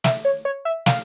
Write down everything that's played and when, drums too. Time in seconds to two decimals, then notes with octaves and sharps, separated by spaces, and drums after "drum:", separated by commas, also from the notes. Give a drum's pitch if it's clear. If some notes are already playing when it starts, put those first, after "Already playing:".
0.04 E5, drum: snare
0.25 C#5
0.45 C#5
0.65 E5
0.86 F5, drum: snare